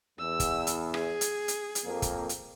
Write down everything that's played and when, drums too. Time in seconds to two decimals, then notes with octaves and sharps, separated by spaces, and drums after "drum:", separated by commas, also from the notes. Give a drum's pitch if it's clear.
0.19 E2 E6
0.40 drum: kick, hi-hat
0.67 drum: hi-hat
0.94 G#4, drum: rim click
1.21 drum: hi-hat
1.48 drum: hi-hat
1.75 drum: hi-hat
1.85 F2 A#3
2.02 drum: kick, hi-hat
2.29 drum: hi-hat